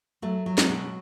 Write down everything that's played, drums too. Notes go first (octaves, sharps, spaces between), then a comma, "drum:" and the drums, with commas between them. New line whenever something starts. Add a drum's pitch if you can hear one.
F#3 A3
F#3
G#3, drum: snare
B2